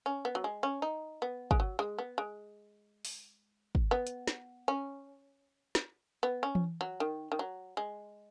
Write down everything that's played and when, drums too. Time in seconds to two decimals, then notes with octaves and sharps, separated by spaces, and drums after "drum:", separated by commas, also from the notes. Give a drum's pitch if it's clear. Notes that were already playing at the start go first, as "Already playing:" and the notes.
0.06 C#4
0.25 B3
0.35 F#3
0.44 G#3
0.63 C#4
0.82 D#4
1.22 B3
1.51 G#3, drum: kick
1.60 F#3
1.79 G#3
1.99 B3
2.18 G#3
3.05 drum: open hi-hat
3.75 drum: kick
3.91 B3
4.07 drum: hi-hat
4.27 drum: snare
4.68 C#4
5.75 drum: snare
6.23 B3
6.43 C#4
6.55 drum: tom E3
6.81 F#3
7.00 D#3
7.32 D#3
7.39 F#3
7.77 G#3